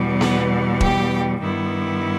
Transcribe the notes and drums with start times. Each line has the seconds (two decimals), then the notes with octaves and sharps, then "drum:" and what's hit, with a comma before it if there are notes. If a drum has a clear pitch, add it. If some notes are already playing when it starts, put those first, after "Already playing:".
Already playing: E2 B2 G3
0.21 B3 B4, drum: snare B3
0.81 G4 G5, drum: kick E1
1.41 G2 D#3 G3 B3 E4